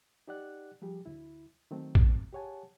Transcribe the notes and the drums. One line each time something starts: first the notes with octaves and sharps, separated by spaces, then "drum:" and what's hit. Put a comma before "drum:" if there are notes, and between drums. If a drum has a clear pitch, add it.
D#4 G4 D5 F#5 F#6
F3 G3 G4 G#4
D2 E4
D#3 F#3 A3 C4
drum: kick
G4 G#4 C#5 F#5 G#5 A5